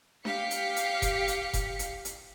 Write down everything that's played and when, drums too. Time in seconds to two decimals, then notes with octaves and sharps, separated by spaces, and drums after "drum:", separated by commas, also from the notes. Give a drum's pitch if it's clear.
0.25 G4 F5 B6 C#7, drum: snare D4
0.51 drum: hi-hat
0.76 drum: hi-hat
1.02 drum: kick F1, hi-hat
1.28 drum: hi-hat
1.53 drum: kick F1, hi-hat
1.79 drum: hi-hat
2.05 drum: hi-hat